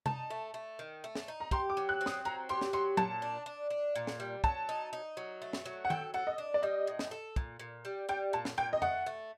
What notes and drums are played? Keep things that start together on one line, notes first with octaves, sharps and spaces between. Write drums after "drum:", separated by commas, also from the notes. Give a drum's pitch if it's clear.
D#4 A5, drum: tom C3
A3
A3
D#3
A3
drum: snare
D#4
A#5
G4 C6, drum: kick
D6
F#3
F#6
C4
D#6, drum: snare
F#3 A#5
G4 C6
drum: snare
F#3 C6
A#2 A5, drum: tom
D4
D4
D4
A#2
drum: snare
G3
F#3 A5, drum: kick
D#4
D#4
F#3
A3
drum: snare
F#3
F#5
A4 G5, drum: tom D#3
A4 F#5
D#5
D4
D5
G3 D#5
A2
drum: snare
A4
A#2, drum: kick
A#2
G3
G3 G5
A#2 A5
drum: snare
A#2 G5
D#5
A3 F#5, drum: tom F2
A3